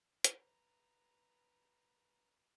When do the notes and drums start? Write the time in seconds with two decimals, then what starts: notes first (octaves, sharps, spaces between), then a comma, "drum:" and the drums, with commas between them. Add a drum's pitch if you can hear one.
0.24 B4 A#5, drum: hi-hat